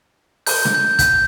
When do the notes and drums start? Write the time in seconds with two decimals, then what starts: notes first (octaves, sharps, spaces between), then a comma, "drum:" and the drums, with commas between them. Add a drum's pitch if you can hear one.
0.47 G6, drum: open hi-hat
0.65 drum: snare
0.75 G6
0.99 G6, drum: kick, hi-hat